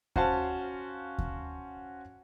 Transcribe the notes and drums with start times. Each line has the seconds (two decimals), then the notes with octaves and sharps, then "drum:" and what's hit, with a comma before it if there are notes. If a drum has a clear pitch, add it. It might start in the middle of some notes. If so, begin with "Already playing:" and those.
0.16 C#4 F#4 C5 F5 A5, drum: kick D#2
1.18 drum: kick D#2